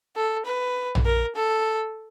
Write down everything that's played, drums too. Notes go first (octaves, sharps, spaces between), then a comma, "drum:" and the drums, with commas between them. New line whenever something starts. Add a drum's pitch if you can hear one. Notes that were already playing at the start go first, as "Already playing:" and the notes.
A4
B4
drum: tom A#1
A#4
A4